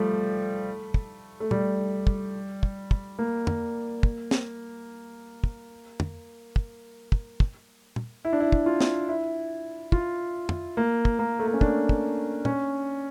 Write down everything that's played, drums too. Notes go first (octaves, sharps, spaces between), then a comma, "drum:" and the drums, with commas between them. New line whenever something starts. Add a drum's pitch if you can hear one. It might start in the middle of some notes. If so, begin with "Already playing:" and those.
Already playing: F3 G3 A3
drum: kick
A3
G3, drum: tom
drum: kick
drum: kick
drum: kick
A#3
drum: tom
drum: kick
drum: snare
drum: kick
drum: tom
drum: kick
drum: kick
drum: kick
drum: tom
E4
D4
E4
drum: kick
F4
drum: snare
E4
F4, drum: kick
drum: tom
A#3
drum: kick
A#3
A3
A#3
C#4
D4, drum: kick
drum: kick
C#4, drum: tom